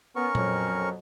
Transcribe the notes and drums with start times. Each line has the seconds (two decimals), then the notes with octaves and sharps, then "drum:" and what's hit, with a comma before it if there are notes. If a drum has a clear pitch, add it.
0.16 B3 C#4 A#4 C#6
0.35 F2 B2 F#3, drum: tom A#2